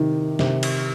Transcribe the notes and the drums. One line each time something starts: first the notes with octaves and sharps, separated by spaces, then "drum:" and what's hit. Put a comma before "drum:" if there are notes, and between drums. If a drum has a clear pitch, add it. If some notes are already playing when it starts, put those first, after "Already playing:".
Already playing: C3 D#3
C3, drum: snare
drum: cymbal